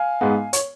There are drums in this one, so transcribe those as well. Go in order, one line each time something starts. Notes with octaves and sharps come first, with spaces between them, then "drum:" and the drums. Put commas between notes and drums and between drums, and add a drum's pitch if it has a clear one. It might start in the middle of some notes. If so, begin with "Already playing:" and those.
Already playing: F5 G#5
G#2 G#3 B3
C#5, drum: hi-hat